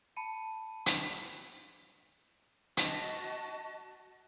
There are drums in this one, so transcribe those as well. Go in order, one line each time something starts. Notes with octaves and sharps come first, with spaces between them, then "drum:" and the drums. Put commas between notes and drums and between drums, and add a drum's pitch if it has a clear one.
A5 B5 C#7 D#7
drum: hi-hat
F#4 D#5 A5, drum: hi-hat